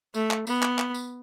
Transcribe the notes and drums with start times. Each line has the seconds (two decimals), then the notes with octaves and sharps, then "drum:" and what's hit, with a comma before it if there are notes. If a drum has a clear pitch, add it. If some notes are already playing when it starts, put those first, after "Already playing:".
0.14 A3, drum: tambourine
0.31 drum: clap
0.47 B3, drum: tambourine
0.63 drum: clap
0.78 drum: clap
0.94 drum: tambourine